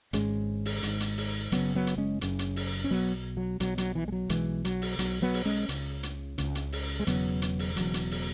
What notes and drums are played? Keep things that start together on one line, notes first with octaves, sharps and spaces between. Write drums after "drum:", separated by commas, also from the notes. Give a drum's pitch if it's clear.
G#1 G#2 G#3 C#4, drum: hi-hat
drum: open hi-hat
G#1 G#2, drum: hi-hat
drum: hi-hat
drum: open hi-hat
F#1 F#2 C#3 F#3 B3, drum: hi-hat
F#3 B3
drum: hi-hat
G#3 C#4
F#1 F#2 C#3, drum: hi-hat
drum: hi-hat
drum: open hi-hat
C#4
B1 B2 F#3 B3
F#3
B1 B2 F#3, drum: hi-hat
F#3, drum: hi-hat
E3
G#3
F#3
B1 B2 E3 G#3, drum: hi-hat
F#3, drum: hi-hat
drum: open hi-hat
B1 B2 F#3, drum: hi-hat
F#3 B3
drum: open hi-hat
G#3 C#4
C#2 C#3, drum: hi-hat
drum: hi-hat
C#2 C#3, drum: hi-hat
drum: hi-hat
drum: open hi-hat
G#3
E1 E2 C#3 F#3 B3, drum: hi-hat
drum: hi-hat
drum: open hi-hat
E1 E2 C#3 F#3, drum: hi-hat
drum: hi-hat
drum: open hi-hat